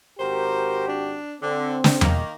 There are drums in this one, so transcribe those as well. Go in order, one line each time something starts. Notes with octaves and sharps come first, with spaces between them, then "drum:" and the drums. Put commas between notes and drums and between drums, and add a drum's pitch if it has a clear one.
G#1 F#4 G4 A#4 C5
D4
D3 C4
drum: snare
D#3 A#3, drum: tom E2